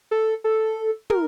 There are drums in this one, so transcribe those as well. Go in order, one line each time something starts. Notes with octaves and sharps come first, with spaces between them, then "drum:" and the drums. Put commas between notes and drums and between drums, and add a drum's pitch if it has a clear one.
A4
A4
A#4, drum: tom